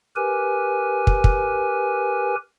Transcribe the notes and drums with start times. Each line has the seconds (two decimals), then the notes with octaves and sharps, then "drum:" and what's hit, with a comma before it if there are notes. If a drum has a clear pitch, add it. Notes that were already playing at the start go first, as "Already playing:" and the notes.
0.16 G4 A#4 B4 G#5
1.07 drum: kick
1.24 drum: kick